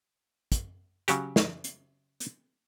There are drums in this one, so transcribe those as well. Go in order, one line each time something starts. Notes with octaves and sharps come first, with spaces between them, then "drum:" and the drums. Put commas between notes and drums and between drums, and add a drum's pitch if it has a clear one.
drum: kick, hi-hat
C#3 F#3 F#4 G4, drum: hi-hat
drum: snare
drum: hi-hat
drum: hi-hat